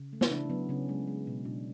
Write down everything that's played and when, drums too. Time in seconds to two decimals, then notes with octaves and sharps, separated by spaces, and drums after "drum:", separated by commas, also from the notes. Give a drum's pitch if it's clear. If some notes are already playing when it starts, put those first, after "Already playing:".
Already playing: C#3
0.13 A3
0.21 E4, drum: snare
0.31 C#3 D4
0.50 F#3 B3
0.69 C#3 C#4
0.89 G#3
1.08 G#3
1.27 B2
1.45 B2 D4